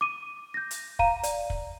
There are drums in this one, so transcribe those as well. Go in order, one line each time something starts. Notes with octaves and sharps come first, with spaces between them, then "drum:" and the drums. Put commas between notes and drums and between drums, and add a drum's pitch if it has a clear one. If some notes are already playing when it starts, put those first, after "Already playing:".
D6 D#7
G6 A#6
drum: hi-hat
F5 A#5 D#7, drum: kick
D5, drum: hi-hat
drum: kick